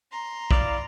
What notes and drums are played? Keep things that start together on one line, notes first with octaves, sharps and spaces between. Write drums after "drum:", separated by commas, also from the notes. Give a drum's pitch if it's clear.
A#5 C6
E4 D5 F5, drum: kick